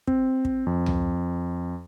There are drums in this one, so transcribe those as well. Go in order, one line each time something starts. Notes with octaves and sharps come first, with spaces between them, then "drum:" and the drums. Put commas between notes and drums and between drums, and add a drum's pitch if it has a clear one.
C4, drum: kick
drum: kick
F2
drum: tom C#2